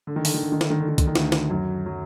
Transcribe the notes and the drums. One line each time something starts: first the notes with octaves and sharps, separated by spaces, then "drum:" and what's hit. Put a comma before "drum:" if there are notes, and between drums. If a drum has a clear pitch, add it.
D3
D#3
D3, drum: open hi-hat
D#3
D3
D#3
D3, drum: snare
D#3
D3
D#3
D3, drum: kick, hi-hat
D#3
D2 D3, drum: snare
drum: snare
F#2 F#3
F#3